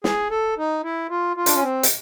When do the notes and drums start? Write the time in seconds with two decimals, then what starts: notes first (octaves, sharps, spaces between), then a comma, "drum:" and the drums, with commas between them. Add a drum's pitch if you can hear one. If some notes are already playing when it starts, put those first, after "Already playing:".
0.04 G#4, drum: snare
0.31 A4
0.58 D#4
0.83 E4
1.10 F4
1.37 F4
1.46 D4, drum: hi-hat
1.55 C#4
1.63 C4
1.83 drum: hi-hat